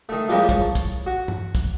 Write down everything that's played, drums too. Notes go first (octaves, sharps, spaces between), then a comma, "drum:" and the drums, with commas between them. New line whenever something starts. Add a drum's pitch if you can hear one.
D#3 A3
E3 F3 G3 G#3 A#3 C#4
C#5 A5, drum: kick, hi-hat
drum: kick, hi-hat
F#4
drum: tom
drum: kick, hi-hat